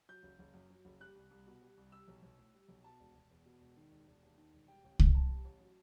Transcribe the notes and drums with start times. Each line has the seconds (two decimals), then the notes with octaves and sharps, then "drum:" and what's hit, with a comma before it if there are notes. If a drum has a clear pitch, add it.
0.09 F#3 G6
0.23 F#1
0.39 F#1
0.54 F#2
0.70 F#3
0.85 F#1
1.00 G3 F#6
1.15 C2
1.31 C2
1.47 B2
1.62 G3
1.77 C2
1.92 G3 E6
2.08 B1
2.23 B1
2.38 A2
2.54 G3
2.68 B1
2.84 B2 A5
3.00 E1
3.14 E1
3.31 E2
3.45 B2
3.61 E1
3.77 D#3
3.92 E1
4.07 E1
4.23 D#2
4.37 D#3
4.53 E1
4.68 G3 G5
4.84 A1
4.99 A1, drum: kick C2
5.15 A2 A5
5.30 G3
5.44 A1
5.60 F#3